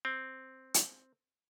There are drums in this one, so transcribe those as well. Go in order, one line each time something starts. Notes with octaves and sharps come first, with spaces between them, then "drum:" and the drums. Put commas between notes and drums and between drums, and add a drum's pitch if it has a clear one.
C4
drum: hi-hat